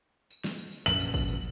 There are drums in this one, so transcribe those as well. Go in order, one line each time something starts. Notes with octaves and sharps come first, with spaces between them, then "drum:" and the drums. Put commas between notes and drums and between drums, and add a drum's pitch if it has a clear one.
drum: tambourine
drum: snare
drum: tambourine
drum: tambourine
A#1 F#2 E3 F#7, drum: tambourine
drum: tambourine
drum: kick, tambourine
drum: tambourine